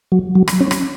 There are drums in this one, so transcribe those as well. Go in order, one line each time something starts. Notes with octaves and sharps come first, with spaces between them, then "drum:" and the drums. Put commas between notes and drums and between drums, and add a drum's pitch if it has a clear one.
F#3
F#3
drum: rim click
C#4
drum: rim click